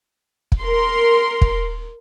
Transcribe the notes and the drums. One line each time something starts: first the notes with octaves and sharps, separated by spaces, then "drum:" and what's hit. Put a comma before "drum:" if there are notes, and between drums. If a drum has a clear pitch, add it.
drum: kick
A#4 C6
drum: kick